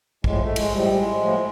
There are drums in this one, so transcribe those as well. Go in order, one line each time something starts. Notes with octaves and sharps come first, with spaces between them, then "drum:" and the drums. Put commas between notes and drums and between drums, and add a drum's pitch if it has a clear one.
A2 F3 G#3, drum: kick
A3
G#3, drum: cymbal
A2 F3 G3
G#3
A2 F3